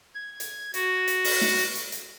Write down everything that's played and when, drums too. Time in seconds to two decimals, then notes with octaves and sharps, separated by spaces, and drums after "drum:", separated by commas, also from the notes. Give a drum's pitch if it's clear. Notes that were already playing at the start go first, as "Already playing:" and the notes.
0.15 G#6
0.40 drum: hi-hat
0.74 F#4, drum: hi-hat
1.08 drum: hi-hat
1.24 drum: open hi-hat
1.41 drum: snare
1.58 drum: hi-hat
1.75 drum: hi-hat
1.92 drum: hi-hat